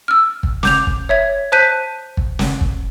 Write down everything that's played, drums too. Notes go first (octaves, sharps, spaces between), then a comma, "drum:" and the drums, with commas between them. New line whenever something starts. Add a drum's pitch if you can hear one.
E6 F6
drum: kick
D6 G6 F7, drum: snare
drum: kick
C#5 E5 G#6
C5 A5 F#6 G6 B6 D#7
drum: kick
drum: snare
drum: kick